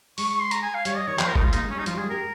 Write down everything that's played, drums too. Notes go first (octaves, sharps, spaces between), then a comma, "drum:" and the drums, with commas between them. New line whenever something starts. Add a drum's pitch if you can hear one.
G#3 C#6, drum: open hi-hat
C#6
C6
A#5, drum: hi-hat
G#5
F5
G3 C#5, drum: hi-hat
D#5
D#3 C#5
F3 C5, drum: clap
A#4
D#4, drum: kick F#1
G#3 F4
A#3 D#4, drum: hi-hat
G#3
C#4
G3
D#4
F3 F4, drum: hi-hat
G3
G#4
G#3
G4 A#4